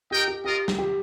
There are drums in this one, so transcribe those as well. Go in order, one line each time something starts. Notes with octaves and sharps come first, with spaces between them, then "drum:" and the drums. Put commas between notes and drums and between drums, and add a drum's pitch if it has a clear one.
D#4 G4 A#4 D#5 G5
G4
F4 G4 A#4 D#5
drum: snare
G4